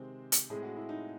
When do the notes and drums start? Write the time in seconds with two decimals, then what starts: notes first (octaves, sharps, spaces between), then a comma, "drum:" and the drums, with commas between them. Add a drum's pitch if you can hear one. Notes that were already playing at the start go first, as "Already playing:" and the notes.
Already playing: C3 D#3 G#3 C4 C5
0.32 drum: hi-hat
0.50 A2 G#3 C4 G#4
0.63 F#4
0.76 E4
0.89 D#4